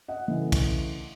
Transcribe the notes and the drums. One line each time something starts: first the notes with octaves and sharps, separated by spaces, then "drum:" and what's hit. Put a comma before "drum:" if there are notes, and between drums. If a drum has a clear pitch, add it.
D#5 F#5
C#3 E3 A3
drum: kick, cymbal